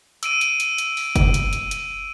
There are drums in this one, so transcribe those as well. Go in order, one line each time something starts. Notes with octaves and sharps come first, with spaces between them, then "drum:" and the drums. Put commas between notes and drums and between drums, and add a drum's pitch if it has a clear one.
E6 D7 D#7, drum: hi-hat
drum: hi-hat
drum: hi-hat
drum: hi-hat
drum: open hi-hat
drum: kick F#1, hi-hat
drum: hi-hat
drum: hi-hat
drum: hi-hat